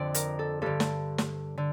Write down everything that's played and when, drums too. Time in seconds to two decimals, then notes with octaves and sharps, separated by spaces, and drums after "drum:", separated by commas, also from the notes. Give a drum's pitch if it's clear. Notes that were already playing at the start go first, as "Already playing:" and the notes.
Already playing: F2 D3 D5
0.14 A#4, drum: hi-hat
0.39 A4
0.62 G2 D3 A4
0.80 drum: snare
1.18 drum: snare
1.58 D3